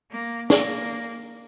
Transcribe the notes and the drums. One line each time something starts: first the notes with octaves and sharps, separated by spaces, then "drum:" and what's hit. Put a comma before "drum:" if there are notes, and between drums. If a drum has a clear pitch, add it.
A#3
A#3, drum: snare